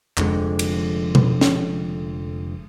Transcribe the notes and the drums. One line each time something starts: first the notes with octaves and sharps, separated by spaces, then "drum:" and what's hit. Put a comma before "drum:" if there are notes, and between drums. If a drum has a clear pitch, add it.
F1 F2 D3 G#3, drum: clap
drum: cymbal
drum: tom B2
drum: snare